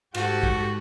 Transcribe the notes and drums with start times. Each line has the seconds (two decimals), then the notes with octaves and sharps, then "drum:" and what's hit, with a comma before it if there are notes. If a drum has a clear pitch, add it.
0.14 G#2 F#4 G4 A4, drum: cymbal
0.43 drum: kick